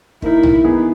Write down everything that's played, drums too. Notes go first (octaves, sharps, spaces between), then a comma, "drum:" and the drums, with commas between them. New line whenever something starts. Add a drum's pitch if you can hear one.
D#3 A#3 D#4 E4 A#4, drum: kick
drum: tom
E3 B3 D#4 G#4